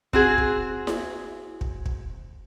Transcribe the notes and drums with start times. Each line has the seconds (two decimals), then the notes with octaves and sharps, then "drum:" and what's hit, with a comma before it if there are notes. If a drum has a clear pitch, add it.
0.13 C4 F#4 G#4, drum: kick
0.38 drum: kick
0.87 drum: snare E4
1.61 drum: kick
1.86 drum: kick